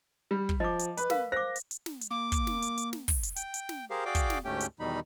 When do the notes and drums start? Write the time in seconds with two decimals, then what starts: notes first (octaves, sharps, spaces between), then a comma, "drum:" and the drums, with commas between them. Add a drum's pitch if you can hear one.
0.31 G3
0.49 drum: kick
0.60 F3 D#5 D6
0.79 drum: hi-hat
0.97 B4, drum: hi-hat
1.10 A#4 F5, drum: snare
1.32 C5 D6 A#6
1.56 drum: hi-hat
1.71 drum: hi-hat
1.86 drum: snare
2.01 drum: hi-hat
2.11 A#3 D6
2.32 drum: kick, hi-hat
2.47 drum: snare
2.62 drum: hi-hat
2.78 drum: hi-hat
2.93 drum: snare
3.08 drum: kick, open hi-hat
3.23 drum: hi-hat
3.36 G5, drum: hi-hat
3.54 drum: hi-hat
3.69 drum: snare
3.90 G4 G#4 A#4 C5 F5
4.06 F#4 G#4 D5 F5 G5 D6
4.15 drum: kick, hi-hat
4.30 drum: snare
4.45 D2 G#2 A3 C#4 G4 G5
4.60 drum: hi-hat
4.80 E2 B2 D#3 G3 D#4 B5